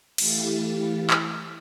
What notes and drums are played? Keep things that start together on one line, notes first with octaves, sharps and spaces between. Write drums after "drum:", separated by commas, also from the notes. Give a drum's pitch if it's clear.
E3 A3 E4 G4 F5 A6, drum: cymbal
drum: clap